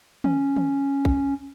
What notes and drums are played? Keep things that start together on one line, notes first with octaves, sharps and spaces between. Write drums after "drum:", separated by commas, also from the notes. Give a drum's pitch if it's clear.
C#4, drum: tom
drum: tom
drum: kick